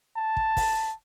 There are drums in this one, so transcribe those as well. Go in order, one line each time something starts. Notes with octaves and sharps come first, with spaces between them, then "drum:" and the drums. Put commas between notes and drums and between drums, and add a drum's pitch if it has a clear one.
A5
drum: kick
drum: kick, open hi-hat